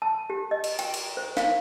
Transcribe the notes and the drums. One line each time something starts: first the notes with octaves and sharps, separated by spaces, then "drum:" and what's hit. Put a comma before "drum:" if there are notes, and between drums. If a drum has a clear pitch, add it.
A5
G4
D#5
drum: cymbal
G5, drum: cymbal
drum: cymbal
C5
F5, drum: snare